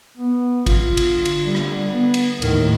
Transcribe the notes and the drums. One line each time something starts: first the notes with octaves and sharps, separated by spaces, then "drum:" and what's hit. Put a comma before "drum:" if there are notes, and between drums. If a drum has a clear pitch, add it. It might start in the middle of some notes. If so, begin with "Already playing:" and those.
B3
F4, drum: kick G#1, cymbal
D3, drum: cymbal
drum: cymbal
G3
drum: rim click
B3
drum: cymbal
D#2 A2 D#3 A#4, drum: cymbal